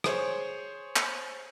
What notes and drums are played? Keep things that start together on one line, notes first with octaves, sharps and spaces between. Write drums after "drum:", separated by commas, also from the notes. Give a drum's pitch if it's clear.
G#4 C5 C#5, drum: rim click
drum: clap